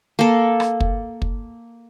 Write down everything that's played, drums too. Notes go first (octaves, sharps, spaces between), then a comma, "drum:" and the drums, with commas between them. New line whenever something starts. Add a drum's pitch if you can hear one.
A#3 A4
drum: rim click
drum: kick
drum: kick